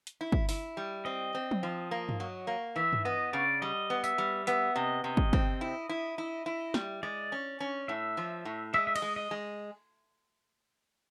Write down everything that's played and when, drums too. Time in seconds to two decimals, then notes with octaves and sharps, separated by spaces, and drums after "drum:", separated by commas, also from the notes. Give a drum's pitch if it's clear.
0.07 drum: hi-hat
0.21 E4
0.32 drum: kick
0.49 E4, drum: open hi-hat
0.77 G3
1.05 C4 D#5
1.35 C4
1.51 drum: tom F3
1.63 F3
1.91 A#3
2.09 drum: tom G2
2.20 F#3
2.47 A#3
2.76 E3 E5
2.93 drum: tom G2
3.05 B3 D#5
3.33 C#3 D5
3.62 G3 D#5
3.90 B3
4.04 E5, drum: tambourine
4.18 G3
4.47 B3 E5, drum: hi-hat
4.76 C3 D#5
5.04 C3 D#5
5.17 drum: kick
5.33 C4, drum: kick
5.61 E4
5.89 E4
6.18 E4
6.46 E4
6.74 G3, drum: snare
7.03 G#3 D5
7.32 C#4
7.60 C#4
7.88 A2 E5
8.17 F3
8.45 A2
8.73 G#3 E5
8.87 E5
8.96 D#5, drum: cymbal
9.02 G#3
9.16 D#5
9.31 G#3